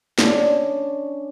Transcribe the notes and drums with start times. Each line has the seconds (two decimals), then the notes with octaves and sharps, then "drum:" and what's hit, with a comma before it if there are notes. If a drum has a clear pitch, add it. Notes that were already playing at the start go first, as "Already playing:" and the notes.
0.19 C#4 D4, drum: snare